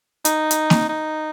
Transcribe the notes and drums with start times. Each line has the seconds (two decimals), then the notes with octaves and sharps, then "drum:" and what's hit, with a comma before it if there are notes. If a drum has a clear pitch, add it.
0.25 D#4, drum: hi-hat
0.51 drum: hi-hat
0.70 drum: snare A#3
0.89 D#4